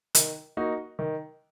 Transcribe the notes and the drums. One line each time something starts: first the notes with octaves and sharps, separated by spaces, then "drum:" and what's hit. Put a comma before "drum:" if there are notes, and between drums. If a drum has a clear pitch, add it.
D#3, drum: hi-hat
A#3 D#4 F#4
D#3